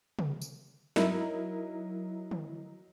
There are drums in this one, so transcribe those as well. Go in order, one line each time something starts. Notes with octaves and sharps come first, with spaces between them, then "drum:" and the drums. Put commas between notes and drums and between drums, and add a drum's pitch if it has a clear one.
drum: tom
drum: tambourine
F#3 D#4 E4 A#4, drum: snare
drum: tom